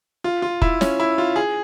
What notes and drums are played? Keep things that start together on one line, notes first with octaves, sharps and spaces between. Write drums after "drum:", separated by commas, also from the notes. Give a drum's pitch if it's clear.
F4
F4
E4, drum: kick
C#4, drum: snare
E4
F4
G#4